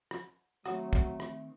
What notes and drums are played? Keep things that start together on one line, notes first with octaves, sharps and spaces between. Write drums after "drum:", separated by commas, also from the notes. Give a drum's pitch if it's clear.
drum: rim click
D#3 F#3 A3 C4 F#4 C#5 D#6, drum: rim click
drum: kick
drum: rim click